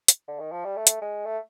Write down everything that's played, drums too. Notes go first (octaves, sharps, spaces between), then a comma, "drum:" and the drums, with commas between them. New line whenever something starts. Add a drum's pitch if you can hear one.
drum: hi-hat
D3
D#3
F3
G3
A3
drum: hi-hat
G#3
A3